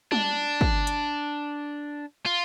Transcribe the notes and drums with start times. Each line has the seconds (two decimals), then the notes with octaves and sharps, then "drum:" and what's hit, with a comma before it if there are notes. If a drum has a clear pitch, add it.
0.12 D4, drum: tom G3
0.61 drum: kick
0.87 drum: hi-hat
2.26 F4